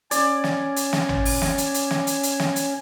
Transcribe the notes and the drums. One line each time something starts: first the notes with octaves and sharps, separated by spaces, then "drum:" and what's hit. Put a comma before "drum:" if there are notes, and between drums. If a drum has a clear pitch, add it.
C#4 C#5 D5, drum: hi-hat
drum: snare
drum: hi-hat
drum: snare
drum: tom
drum: open hi-hat
drum: snare
drum: hi-hat
drum: hi-hat
drum: snare
drum: hi-hat
drum: hi-hat
drum: snare
drum: hi-hat